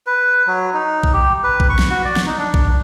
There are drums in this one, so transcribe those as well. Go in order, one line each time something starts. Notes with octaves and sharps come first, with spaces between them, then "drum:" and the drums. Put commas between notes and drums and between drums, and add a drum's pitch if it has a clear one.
B4
F#3
D#4
drum: kick A#1
G4
B4
drum: kick A#1
C#6
drum: snare
F#4
D5
drum: snare
D#4
D4
drum: kick A#1